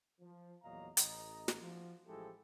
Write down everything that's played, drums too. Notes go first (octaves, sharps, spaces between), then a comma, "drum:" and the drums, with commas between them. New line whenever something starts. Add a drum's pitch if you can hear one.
F3
E2 A#2 F#3 D#5 F5 A#5
A1 D#5 A#5, drum: hi-hat
drum: snare
F3 F4 F#4
A1 F3 G#3 E4 G4 A4